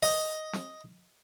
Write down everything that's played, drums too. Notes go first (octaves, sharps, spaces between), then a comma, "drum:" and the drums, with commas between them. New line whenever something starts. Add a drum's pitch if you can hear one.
D#5, drum: open hi-hat
drum: snare